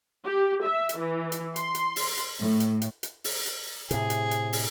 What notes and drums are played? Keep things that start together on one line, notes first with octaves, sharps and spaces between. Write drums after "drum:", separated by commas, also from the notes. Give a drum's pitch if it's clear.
G4
E5
drum: hi-hat
E3
drum: hi-hat
C6, drum: hi-hat
drum: hi-hat
drum: open hi-hat
drum: hi-hat
A2
drum: hi-hat
drum: hi-hat
drum: hi-hat
drum: open hi-hat
drum: hi-hat
A2 C3 G#4, drum: hi-hat
drum: hi-hat
drum: hi-hat
drum: open hi-hat